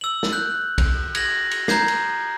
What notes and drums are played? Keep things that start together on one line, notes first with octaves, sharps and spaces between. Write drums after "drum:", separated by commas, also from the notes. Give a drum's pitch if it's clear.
E6 F#7
drum: snare
F#6 G6
drum: kick, cymbal
G#6 A#6 F#7, drum: cymbal
drum: cymbal
A#5 G6 G#6 C7, drum: snare
drum: cymbal